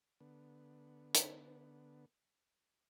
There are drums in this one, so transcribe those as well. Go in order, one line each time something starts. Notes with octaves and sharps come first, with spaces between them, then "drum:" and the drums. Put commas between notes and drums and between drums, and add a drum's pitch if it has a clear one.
D3 B3
drum: hi-hat